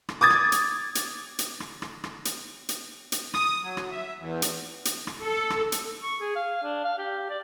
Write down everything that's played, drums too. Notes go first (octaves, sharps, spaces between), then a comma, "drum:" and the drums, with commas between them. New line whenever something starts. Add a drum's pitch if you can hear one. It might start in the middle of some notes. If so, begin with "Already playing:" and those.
drum: rim click
D6 D#6 G#6 A6
drum: rim click
drum: hi-hat
drum: hi-hat
drum: hi-hat
drum: rim click
drum: rim click
drum: rim click
drum: hi-hat
drum: hi-hat
drum: hi-hat
D#6, drum: rim click
F#3
drum: rim click
E5
E2
drum: hi-hat
drum: hi-hat
drum: rim click
A4
drum: rim click
drum: hi-hat
C#6
G#4
F5
D4
F5
G4
D5